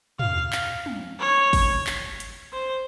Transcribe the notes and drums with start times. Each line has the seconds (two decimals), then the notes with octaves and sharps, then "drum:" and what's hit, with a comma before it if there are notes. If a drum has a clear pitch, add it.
0.19 F5, drum: tom
0.53 drum: clap
0.86 drum: tom
1.20 C#5
1.53 drum: kick, open hi-hat
1.87 drum: clap
2.20 drum: hi-hat
2.53 C5